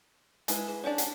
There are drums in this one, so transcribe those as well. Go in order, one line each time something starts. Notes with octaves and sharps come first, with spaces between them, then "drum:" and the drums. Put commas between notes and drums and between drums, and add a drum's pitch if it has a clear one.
G#3 E4 B4, drum: hi-hat
G#4
C#4 D4 C#5 D5 G#5
F#5, drum: hi-hat